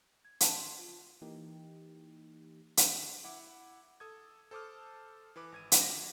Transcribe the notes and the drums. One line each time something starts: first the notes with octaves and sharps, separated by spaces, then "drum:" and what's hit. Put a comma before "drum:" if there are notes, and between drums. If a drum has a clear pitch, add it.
G#6
A5, drum: hi-hat
C6
F4
E3 A#3 D#4 G4
drum: hi-hat
E4 F#5 D6
A4 D#6 G#6
A4 C5 A5 D6 D#6 F6
E3 B4 D6
G#1 G#6 D#7
drum: hi-hat
F3 A#6